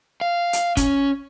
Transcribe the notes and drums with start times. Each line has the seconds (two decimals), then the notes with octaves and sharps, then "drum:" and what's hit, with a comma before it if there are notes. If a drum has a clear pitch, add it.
0.21 F5
0.53 drum: hi-hat
0.77 C#4, drum: kick, hi-hat